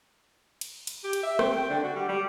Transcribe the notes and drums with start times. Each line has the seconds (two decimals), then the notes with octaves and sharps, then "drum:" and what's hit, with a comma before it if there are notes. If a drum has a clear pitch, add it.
0.61 drum: cymbal
0.87 drum: cymbal
1.04 G4
1.13 drum: cymbal
1.23 E5
1.39 C4, drum: rim click
1.53 G5
1.69 D3
1.83 F#4
1.95 G3
2.09 G3